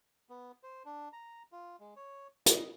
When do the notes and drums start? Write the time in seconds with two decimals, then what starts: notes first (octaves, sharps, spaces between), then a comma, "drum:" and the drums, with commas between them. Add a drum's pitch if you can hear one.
0.29 B3
0.63 C5
0.85 D4
1.13 A#5
1.52 F4
1.80 G#3
1.96 C#5
2.46 D#5, drum: hi-hat